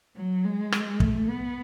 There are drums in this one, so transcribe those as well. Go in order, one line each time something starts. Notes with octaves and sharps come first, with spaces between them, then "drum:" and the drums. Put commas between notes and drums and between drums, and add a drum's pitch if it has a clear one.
F#3
G#3
drum: rim click
A3, drum: kick
B3